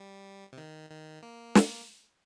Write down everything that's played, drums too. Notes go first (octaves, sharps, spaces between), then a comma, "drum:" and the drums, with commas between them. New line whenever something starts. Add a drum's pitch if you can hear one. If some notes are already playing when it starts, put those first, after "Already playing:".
Already playing: G3
C3
D#3
D#3
A#3
drum: snare